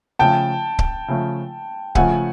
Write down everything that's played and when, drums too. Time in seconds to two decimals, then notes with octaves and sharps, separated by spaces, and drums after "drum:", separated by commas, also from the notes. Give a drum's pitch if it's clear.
0.19 C#3 F3 A3 G5 A5
0.79 drum: kick C#1
1.08 C#3 F3 A3
1.95 C#3 F3 A3 F#5 G#5, drum: kick C#1